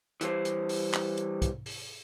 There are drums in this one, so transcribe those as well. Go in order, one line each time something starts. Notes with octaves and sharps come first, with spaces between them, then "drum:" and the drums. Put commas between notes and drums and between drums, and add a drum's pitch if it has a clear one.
E3 G3 C5, drum: hi-hat
drum: hi-hat
drum: open hi-hat
drum: clap
drum: hi-hat
drum: kick, hi-hat
drum: open hi-hat